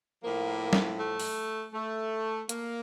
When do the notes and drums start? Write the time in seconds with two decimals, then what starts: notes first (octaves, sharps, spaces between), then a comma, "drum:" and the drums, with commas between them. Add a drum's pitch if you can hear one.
0.23 A2 F3 A#3
0.73 drum: snare
0.98 A3
1.20 drum: open hi-hat
1.73 A3
2.49 A#3, drum: hi-hat